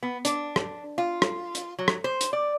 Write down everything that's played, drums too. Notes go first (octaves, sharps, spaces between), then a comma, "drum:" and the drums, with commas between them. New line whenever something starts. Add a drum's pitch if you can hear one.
B3
D4, drum: hi-hat
drum: rim click
F4
drum: rim click
drum: hi-hat
F#3
drum: rim click
C5
drum: hi-hat
D5